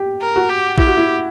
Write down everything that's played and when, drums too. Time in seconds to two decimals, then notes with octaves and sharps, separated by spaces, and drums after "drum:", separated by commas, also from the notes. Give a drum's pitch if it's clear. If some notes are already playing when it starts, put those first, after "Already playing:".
Already playing: G4
0.21 A#4
0.36 F#4
0.50 G4
0.78 E4 G4, drum: kick A1
0.87 F#4
0.97 E4